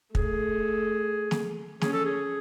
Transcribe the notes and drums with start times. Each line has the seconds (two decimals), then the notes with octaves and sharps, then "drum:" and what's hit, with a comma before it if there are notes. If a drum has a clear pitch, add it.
0.15 A3 G#4, drum: kick
1.31 drum: snare
1.81 C#4 G#4, drum: snare
1.92 A4
2.05 G#4